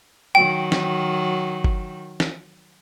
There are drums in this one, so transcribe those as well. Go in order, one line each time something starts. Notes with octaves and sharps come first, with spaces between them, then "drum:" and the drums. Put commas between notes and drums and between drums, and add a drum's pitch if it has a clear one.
D#3 F#3 G5
drum: snare
drum: kick G1
drum: snare